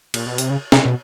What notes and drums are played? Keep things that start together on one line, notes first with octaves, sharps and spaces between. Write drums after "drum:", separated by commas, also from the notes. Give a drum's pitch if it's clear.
A#2, drum: cymbal
B2
C3, drum: hi-hat
C#3
C3, drum: snare
B2